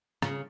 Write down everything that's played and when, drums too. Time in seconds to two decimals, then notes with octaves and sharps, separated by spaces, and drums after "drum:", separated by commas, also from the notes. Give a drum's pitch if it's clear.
0.22 C#3, drum: rim click